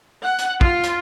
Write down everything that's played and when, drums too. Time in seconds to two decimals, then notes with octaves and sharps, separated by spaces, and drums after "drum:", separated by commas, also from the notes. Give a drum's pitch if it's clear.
0.23 F#5
0.38 drum: hi-hat
0.61 F4, drum: kick
0.83 drum: hi-hat